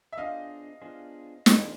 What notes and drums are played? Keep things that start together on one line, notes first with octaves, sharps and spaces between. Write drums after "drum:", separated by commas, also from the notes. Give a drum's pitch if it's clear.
E5
B3 D4 F4 G#4 C5 D#5 F5
B3 D4 F4 G#4 C5
B3 D4 F4 G#4 C5, drum: snare